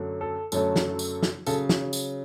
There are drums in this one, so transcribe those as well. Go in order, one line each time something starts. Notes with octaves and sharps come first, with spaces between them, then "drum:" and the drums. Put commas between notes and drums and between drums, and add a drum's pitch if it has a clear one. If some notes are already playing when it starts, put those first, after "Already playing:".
Already playing: F#2 D3 F#3 A3
A4
F#2 D3 F#3 A3 A4, drum: tambourine
drum: snare
drum: tambourine
drum: snare
C#3 F#3 A4, drum: tambourine
drum: snare
drum: tambourine